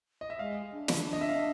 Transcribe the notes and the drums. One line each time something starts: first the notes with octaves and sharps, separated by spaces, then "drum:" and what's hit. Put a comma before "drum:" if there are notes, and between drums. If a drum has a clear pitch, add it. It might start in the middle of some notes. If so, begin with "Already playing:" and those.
D#5
E5
G#3 F5
D4
drum: snare
D#5
E5
F5